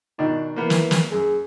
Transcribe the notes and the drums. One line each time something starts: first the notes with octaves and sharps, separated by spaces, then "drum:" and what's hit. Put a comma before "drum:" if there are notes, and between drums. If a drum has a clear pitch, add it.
B2 D#3 D4 D#4
E3 A#3 B3
drum: snare
drum: snare
F#2 G#4